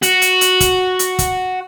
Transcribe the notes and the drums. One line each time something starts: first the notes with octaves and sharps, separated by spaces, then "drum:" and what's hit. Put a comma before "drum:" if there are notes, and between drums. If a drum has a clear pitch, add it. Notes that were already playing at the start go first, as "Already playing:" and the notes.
F#4, drum: hi-hat
drum: hi-hat
drum: hi-hat
drum: kick, hi-hat
drum: hi-hat
drum: kick, hi-hat